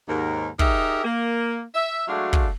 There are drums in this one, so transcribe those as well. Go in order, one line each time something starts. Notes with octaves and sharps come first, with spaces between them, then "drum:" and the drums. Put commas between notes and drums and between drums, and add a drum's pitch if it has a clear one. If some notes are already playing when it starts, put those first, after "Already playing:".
D#2 G#2 A#4
D#4 G4 G#4 A#4 E5, drum: kick
A#3
E5
F#3 G#3 A3 D4 F#4 F5
drum: kick